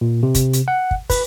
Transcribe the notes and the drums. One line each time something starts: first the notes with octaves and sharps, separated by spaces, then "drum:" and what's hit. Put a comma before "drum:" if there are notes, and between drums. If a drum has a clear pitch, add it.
A#2
C3
drum: kick, hi-hat
drum: hi-hat
F#5
drum: kick
B4, drum: kick, open hi-hat